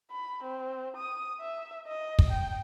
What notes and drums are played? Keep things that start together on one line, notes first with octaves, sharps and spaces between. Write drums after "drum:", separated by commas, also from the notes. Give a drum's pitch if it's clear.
B5
C4
D#6
E5
D#5
drum: kick
G5